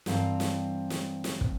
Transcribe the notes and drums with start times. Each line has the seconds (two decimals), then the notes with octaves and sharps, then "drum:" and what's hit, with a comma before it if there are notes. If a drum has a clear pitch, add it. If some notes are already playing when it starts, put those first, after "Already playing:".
0.06 G2 E3 C4 A#4 F5 A5, drum: snare
0.40 drum: snare
0.90 drum: snare
1.24 drum: snare
1.41 drum: kick